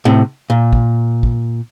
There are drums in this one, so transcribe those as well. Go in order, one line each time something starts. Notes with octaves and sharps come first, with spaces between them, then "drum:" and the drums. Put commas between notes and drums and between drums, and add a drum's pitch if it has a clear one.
A2 C3
A#2
drum: kick
drum: kick